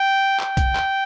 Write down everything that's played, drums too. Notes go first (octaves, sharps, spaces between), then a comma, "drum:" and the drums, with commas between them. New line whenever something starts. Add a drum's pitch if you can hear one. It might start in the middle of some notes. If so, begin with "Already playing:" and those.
Already playing: G5
G5, drum: clap
drum: kick, hi-hat
drum: clap